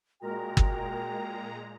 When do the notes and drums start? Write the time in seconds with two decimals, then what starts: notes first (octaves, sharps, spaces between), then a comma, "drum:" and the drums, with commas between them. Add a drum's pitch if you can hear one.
0.22 A#2 G#3 F#4 A#4 G5 A#5
0.57 drum: kick